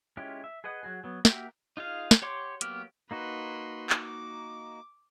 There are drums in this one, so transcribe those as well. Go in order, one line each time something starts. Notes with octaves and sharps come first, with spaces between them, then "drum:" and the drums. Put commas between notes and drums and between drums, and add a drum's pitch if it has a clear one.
G#3 C#4 E4 F4 G4
E5
G#4 B4 D#5 F#5
F#3 F#4 G#4
F#3 B3
A#3 F#4 G4 A#4 E5, drum: snare
D#4 F4 G#4 F5
drum: snare
G4 C#5 F#5 C6 D6
F#3 A#3 B3 G4 F6, drum: hi-hat
A#3 D#4 F#4 B4 C6
drum: clap
D6